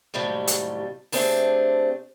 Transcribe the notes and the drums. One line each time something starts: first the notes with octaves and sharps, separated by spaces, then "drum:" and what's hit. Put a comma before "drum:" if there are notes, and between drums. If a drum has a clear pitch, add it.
D#2 A2 C3 F#3 G3
drum: hi-hat
C3 A3 C4 D4 G#4, drum: open hi-hat